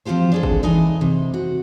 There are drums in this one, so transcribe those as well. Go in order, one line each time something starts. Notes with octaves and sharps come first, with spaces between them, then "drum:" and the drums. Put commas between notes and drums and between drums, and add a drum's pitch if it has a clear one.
F3 C4 C#4 F4 G4 C5
D4 G#4 A4
drum: kick
E3 D#4 D#5 G#5
C3
F#4